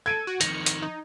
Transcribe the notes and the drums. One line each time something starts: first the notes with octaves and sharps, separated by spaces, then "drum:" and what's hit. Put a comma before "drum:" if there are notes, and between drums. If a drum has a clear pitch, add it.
A4 G#6 D7 D#7
F#4
F2 D#3 A#6 C#7, drum: hi-hat
drum: hi-hat
D#4